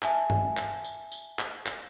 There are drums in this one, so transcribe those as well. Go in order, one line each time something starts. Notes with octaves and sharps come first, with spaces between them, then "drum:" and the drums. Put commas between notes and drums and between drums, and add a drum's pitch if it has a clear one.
E5 G#5 A5, drum: clap
drum: tom G2
drum: clap
drum: tambourine
drum: tambourine
drum: clap
drum: clap